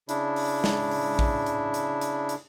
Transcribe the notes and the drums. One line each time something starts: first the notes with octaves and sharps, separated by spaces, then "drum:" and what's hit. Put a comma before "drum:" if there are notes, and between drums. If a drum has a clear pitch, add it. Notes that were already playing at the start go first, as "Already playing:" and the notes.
C#3 D4 E4, drum: hi-hat
drum: open hi-hat
drum: snare
drum: open hi-hat
drum: kick
drum: hi-hat
drum: hi-hat
drum: hi-hat
drum: hi-hat